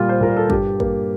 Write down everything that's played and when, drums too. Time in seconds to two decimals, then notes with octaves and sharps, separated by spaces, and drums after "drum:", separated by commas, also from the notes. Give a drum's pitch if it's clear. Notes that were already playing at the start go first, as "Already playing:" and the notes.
Already playing: A#2 G3 A#3 F4
0.09 C5
0.21 A#2 A#4
0.37 A4
0.50 G2 G4, drum: kick
0.80 A#3, drum: kick